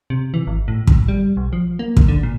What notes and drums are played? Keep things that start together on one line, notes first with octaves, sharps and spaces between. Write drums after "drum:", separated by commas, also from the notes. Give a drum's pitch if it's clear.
C3
E3
G#1
A2
A2, drum: kick
G3
B1
F3
A#3
drum: kick
D3
A#2